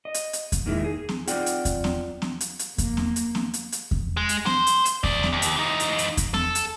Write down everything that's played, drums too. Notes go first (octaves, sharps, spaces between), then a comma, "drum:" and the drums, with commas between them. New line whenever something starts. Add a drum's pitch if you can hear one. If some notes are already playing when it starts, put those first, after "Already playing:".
D#5
drum: hi-hat
drum: hi-hat
drum: kick E2, hi-hat
A#2 D#3 G#3 E4
G#4
drum: snare
C4 F4 D5 F#5 G5, drum: hi-hat
drum: hi-hat
drum: kick E2, hi-hat
drum: snare
drum: snare
drum: hi-hat
drum: hi-hat
A#3, drum: kick E2, hi-hat
drum: snare
drum: hi-hat
drum: snare
drum: hi-hat
drum: hi-hat
drum: kick E2
G#3
drum: hi-hat
C5, drum: snare
drum: hi-hat
drum: hi-hat
G#4 D5, drum: kick E2
drum: snare
D#2
drum: hi-hat
E3 D#4
drum: hi-hat
drum: hi-hat
drum: kick E2, hi-hat
A4, drum: snare
drum: hi-hat